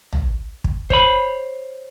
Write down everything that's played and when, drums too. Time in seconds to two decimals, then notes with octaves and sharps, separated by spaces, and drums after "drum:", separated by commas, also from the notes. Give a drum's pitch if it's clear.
0.13 drum: tom
0.64 drum: kick
0.90 C5 C#5 B5, drum: kick